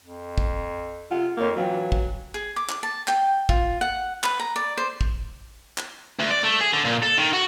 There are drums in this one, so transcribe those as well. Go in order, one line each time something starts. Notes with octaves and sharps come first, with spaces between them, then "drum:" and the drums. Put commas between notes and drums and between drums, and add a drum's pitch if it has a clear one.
F2
drum: kick
C3 F4 F#5 G#5
F2 A#3 B4 C#5
E3 F#3 F4 G5
drum: kick
G#4
D6
drum: clap
A5
G5, drum: clap
F4, drum: kick
F#5
B4, drum: clap
A#5
D5
C5
drum: kick
drum: clap
D2
D5
A3
G#4
D3
A#2
A4
D#3
F#4